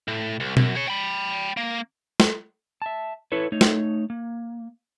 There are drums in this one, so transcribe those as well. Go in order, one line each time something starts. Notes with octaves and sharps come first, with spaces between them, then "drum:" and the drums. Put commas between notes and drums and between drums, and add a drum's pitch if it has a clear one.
A2
C2
F#2, drum: tom B2
G#4 C#5
G5 B5
A#3
drum: snare
E5 A5
E4 A4 B4 C#5
A3 D#4 C#5
drum: snare
A#3